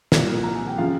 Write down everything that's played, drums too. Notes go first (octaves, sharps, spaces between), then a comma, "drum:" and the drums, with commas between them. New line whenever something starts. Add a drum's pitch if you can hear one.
C2 A#2 F3, drum: snare
A#5
G#5
G5
C#3 F3 F4 F5